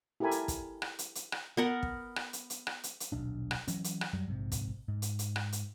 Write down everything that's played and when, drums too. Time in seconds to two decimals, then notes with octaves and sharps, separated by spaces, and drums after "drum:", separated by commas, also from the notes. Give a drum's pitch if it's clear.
0.20 E4 G4 A4 A#4 G#5 B5
0.31 drum: hi-hat
0.48 drum: kick, hi-hat
0.82 drum: rim click
0.99 drum: hi-hat
1.15 drum: hi-hat
1.32 drum: rim click
1.57 B3 A#4 F#5
1.83 drum: kick
2.16 drum: rim click
2.33 drum: hi-hat
2.50 drum: hi-hat
2.67 drum: rim click
2.83 drum: hi-hat
3.00 drum: hi-hat
3.12 D#1 B1 D4
3.51 drum: rim click
3.68 E3 F#3 C#4, drum: hi-hat
3.84 drum: hi-hat
4.01 drum: rim click
4.13 F#2 F#3 G3
4.27 A#1 G#2 C3
4.52 drum: kick, hi-hat
4.88 G#2
5.02 drum: hi-hat
5.19 drum: hi-hat
5.36 drum: rim click
5.52 drum: hi-hat